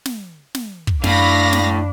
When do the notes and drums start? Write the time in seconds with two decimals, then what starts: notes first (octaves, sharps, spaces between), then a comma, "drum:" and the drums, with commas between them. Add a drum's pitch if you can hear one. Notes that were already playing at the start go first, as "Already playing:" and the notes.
0.05 drum: snare
0.55 drum: snare
0.87 drum: kick
1.04 F#2 A2 D4 F5 B5 A#6, drum: snare
1.53 drum: snare